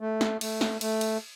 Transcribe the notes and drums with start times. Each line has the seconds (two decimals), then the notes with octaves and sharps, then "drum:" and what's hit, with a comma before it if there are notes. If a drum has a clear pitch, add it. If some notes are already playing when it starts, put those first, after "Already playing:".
0.01 A3
0.21 drum: snare
0.41 A3, drum: cymbal
0.61 drum: snare
0.81 A3, drum: cymbal
1.01 drum: cymbal